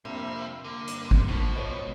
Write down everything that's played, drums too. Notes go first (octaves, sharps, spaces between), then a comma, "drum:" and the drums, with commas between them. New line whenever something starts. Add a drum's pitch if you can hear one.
F2 C3 G3 A#3 D4 C5 E5
D3 A#3
G2, drum: hi-hat
drum: kick
G#2 B2 F3 D4 A5
B3 C5 C#5 D#5